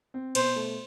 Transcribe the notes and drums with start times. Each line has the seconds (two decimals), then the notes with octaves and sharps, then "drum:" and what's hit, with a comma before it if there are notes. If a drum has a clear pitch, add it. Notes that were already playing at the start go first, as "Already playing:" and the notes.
0.14 C4
0.35 B2 C5, drum: cymbal
0.56 A3